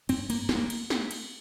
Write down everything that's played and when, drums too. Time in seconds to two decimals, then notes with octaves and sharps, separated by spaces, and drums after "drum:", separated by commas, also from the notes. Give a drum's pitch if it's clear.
0.09 G2 C4, drum: cymbal
0.30 A#3, drum: cymbal
0.49 C4, drum: snare
0.55 A#3
0.70 drum: cymbal
0.90 drum: snare
1.11 drum: cymbal